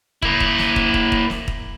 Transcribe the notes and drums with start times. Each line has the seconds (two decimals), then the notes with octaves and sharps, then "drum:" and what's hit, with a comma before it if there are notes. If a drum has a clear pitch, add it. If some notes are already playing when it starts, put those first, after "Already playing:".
0.22 A#3 E4, drum: kick
0.40 drum: kick
0.58 drum: snare
0.76 drum: kick
0.94 drum: kick
1.12 drum: kick
1.30 drum: snare
1.48 drum: kick